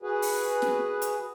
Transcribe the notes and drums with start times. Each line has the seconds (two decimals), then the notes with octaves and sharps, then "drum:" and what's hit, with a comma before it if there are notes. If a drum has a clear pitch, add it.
0.02 F#4 G#4 B4
0.22 drum: open hi-hat
0.62 drum: snare
1.02 drum: hi-hat